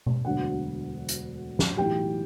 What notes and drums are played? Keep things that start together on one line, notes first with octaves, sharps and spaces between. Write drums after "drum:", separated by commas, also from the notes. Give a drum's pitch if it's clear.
drum: tom B2
E1 D2 D3 F#3 F#5
drum: hi-hat
drum: snare
B1 A2 E3 G4 G5